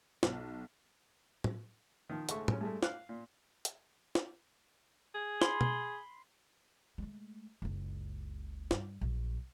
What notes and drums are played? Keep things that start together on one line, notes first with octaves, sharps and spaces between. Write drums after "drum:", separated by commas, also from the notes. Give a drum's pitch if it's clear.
B1, drum: snare
drum: tom
D#3 F3
C#2 G#2 G#3 A3 E5 C#6, drum: hi-hat
G#3 C#4, drum: tom
G2 G#3 A3
F5 F#6, drum: snare
A#2
drum: hi-hat
drum: snare
G#4
B5 C6, drum: snare
drum: tom
G#3 A3
F#1 C#2
G2, drum: snare
A#1 F#3